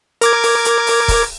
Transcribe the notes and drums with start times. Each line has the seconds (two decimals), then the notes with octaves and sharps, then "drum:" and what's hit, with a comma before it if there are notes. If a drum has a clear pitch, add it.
0.21 A#4 D6 G#6, drum: hi-hat
0.43 drum: open hi-hat
0.65 drum: hi-hat
0.87 drum: open hi-hat
1.08 drum: kick, open hi-hat